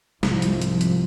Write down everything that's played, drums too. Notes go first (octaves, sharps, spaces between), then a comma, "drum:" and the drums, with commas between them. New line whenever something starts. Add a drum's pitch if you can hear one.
C2 G#2 C3 F3, drum: snare
drum: hi-hat
drum: hi-hat
drum: hi-hat